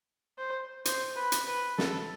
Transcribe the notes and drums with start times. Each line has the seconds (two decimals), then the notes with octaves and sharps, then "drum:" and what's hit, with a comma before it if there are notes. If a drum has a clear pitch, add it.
0.38 C5
0.85 C5, drum: hi-hat
1.16 B4
1.32 drum: hi-hat
1.48 B4
1.78 A4, drum: snare